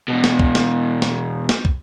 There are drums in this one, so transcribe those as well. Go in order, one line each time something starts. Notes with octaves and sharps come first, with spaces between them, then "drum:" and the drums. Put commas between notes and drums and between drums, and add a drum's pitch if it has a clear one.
E2 B2
drum: snare
drum: kick
drum: snare
drum: snare
drum: snare
drum: kick